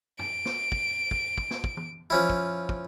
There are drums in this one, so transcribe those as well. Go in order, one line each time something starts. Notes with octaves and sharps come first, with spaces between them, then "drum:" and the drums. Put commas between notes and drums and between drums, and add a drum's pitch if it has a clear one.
D7, drum: tom
drum: snare
drum: kick
drum: kick
drum: kick
drum: snare
drum: kick
drum: tom
F3 C#4 E4
drum: kick
drum: kick